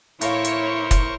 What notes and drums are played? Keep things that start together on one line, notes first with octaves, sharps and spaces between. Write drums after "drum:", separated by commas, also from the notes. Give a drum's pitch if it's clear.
A2 E4 A#4 C5 C#5 F5 C#6, drum: hi-hat
drum: hi-hat
drum: kick, hi-hat